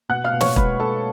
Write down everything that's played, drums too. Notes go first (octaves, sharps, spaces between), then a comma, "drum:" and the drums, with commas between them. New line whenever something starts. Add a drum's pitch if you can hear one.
B2 F#5 F#6
F5 F6
B2
C#5 C#6, drum: snare
G#3 B4 B5, drum: kick
B3 A4 A5